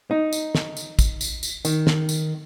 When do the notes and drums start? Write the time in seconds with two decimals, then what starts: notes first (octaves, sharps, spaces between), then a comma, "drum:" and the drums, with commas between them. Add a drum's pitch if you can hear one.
0.11 D#4
0.33 drum: tambourine
0.55 drum: snare
0.77 drum: tambourine
0.99 drum: kick, tambourine
1.21 drum: tambourine
1.43 drum: tambourine
1.65 D#3, drum: tambourine
1.87 drum: snare
2.09 drum: tambourine